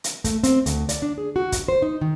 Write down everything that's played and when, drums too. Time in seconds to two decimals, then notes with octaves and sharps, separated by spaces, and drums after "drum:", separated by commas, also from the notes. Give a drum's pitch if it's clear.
0.04 drum: hi-hat
0.24 A3, drum: kick, hi-hat
0.44 C4, drum: hi-hat
0.66 D2, drum: hi-hat
0.89 D5, drum: hi-hat
1.02 D4
1.18 G#4
1.36 F#4
1.52 drum: kick, hi-hat
1.68 C5
1.82 D#4
2.01 D#3